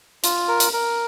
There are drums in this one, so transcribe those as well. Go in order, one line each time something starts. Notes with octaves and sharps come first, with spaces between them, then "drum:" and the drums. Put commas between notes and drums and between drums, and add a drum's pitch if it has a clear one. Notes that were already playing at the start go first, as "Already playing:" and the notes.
F4, drum: hi-hat
A#4
drum: hi-hat
A#4